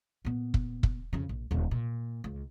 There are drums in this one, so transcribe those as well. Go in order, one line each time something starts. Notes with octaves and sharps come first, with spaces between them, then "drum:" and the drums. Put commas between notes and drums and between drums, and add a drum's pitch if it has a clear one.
A#2 B3
drum: kick
drum: kick
F2 C#3
A#1
D#1 D3
A#2
C#2